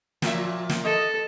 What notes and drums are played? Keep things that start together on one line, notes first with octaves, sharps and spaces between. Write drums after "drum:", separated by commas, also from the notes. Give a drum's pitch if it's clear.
A#2 F3 E5, drum: snare
drum: snare
A4 D#5